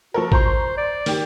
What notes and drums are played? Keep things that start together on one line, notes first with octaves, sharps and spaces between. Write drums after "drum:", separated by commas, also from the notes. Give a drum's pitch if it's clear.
F3 F#4 A4 A#4
C5 A#5 C6 C#6, drum: kick A1
D5
D#3 G4, drum: open hi-hat